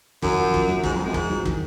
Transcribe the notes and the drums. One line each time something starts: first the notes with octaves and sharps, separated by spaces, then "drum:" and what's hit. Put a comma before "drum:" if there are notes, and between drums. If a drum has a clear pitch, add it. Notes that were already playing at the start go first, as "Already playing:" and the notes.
F#2 D#3, drum: kick
F3
F3, drum: kick
F#3
G#2 G#3, drum: kick
F2
G#3
F#2
G#2 F3, drum: kick
F#3
D#3, drum: kick